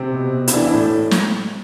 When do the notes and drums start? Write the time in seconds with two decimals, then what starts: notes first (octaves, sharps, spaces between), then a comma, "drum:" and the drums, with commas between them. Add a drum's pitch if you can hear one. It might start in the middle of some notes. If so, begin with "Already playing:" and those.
Already playing: C3 C4
0.12 B2
0.33 B2
0.48 E4, drum: hi-hat
0.53 E3 D4
0.62 E4
0.67 D4
0.74 A2
1.11 drum: snare